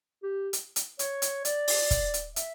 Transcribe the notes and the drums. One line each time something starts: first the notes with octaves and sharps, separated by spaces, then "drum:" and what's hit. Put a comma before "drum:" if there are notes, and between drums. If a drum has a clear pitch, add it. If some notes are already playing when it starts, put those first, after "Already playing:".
G4
drum: hi-hat
drum: hi-hat
C#5, drum: hi-hat
drum: hi-hat
D5, drum: hi-hat
drum: open hi-hat
drum: kick, hi-hat
drum: hi-hat
E5, drum: hi-hat